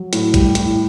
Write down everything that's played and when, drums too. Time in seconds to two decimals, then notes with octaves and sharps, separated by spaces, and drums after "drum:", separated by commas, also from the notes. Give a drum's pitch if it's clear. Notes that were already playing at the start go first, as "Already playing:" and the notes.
Already playing: F#3
0.13 A2, drum: hi-hat
0.34 G3, drum: kick, hi-hat
0.55 A2, drum: hi-hat